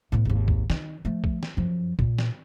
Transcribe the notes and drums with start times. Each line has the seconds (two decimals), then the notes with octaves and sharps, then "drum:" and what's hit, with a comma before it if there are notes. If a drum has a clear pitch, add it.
0.12 A2 B3
0.25 G#1 D#2
0.48 drum: kick
0.70 D#3, drum: snare
1.05 F3 A3
1.24 drum: kick
1.43 drum: snare
1.57 F#2 F3
1.99 A#2, drum: kick
2.19 drum: snare